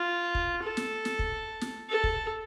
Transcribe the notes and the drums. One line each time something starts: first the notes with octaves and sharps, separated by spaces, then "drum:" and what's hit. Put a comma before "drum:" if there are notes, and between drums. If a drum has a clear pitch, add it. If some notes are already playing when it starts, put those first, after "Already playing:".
Already playing: F4
drum: kick
A4
drum: snare
drum: snare
drum: kick
drum: snare
A4
drum: kick